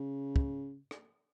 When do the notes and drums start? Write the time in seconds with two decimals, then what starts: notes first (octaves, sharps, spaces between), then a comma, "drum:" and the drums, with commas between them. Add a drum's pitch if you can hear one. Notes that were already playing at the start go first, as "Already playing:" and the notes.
Already playing: C#3
0.36 drum: kick
0.91 drum: rim click